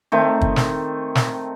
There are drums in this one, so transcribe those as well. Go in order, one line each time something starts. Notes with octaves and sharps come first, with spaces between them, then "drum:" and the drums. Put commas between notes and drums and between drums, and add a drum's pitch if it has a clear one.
D#3 A3 C4
drum: kick
drum: snare
drum: snare